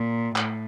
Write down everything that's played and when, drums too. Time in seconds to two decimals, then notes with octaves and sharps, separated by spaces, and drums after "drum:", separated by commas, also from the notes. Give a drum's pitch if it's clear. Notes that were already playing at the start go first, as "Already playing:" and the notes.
Already playing: A#2
0.36 A2, drum: clap